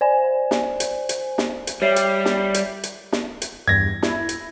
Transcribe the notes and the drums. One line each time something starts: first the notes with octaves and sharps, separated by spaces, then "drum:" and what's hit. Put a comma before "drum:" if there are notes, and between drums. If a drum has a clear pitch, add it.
C5 D5 G#5
drum: snare
drum: hi-hat
drum: hi-hat
drum: snare
drum: hi-hat
G3 C#5 E5 C7
drum: hi-hat
drum: snare
drum: hi-hat
drum: hi-hat
drum: snare
drum: hi-hat
E2 G2 G#6 A#6
E4, drum: snare
drum: hi-hat